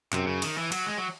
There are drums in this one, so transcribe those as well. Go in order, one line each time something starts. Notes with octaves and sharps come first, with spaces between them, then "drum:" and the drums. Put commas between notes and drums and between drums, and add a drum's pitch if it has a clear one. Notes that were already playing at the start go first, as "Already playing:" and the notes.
F#2 C3, drum: clap
C#3
D#3, drum: cymbal
E3
F#3, drum: cymbal
G#3
F#3